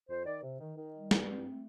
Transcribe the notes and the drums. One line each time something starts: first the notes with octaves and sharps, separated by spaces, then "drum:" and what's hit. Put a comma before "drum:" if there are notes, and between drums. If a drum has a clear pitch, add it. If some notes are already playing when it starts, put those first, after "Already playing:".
F2 C5
D#3 D5
C3
D#3
D#3
G3
G2, drum: snare
C4
A3